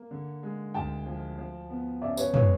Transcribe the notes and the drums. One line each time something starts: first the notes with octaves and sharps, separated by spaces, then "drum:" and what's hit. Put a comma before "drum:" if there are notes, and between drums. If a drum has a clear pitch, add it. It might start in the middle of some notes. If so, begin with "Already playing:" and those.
Already playing: A#3
D3
G#3
D2 G5 A5
F3
F3
B3
C#3 D5 E5
B4 C#5, drum: tambourine
G#3 B4 C#5, drum: tom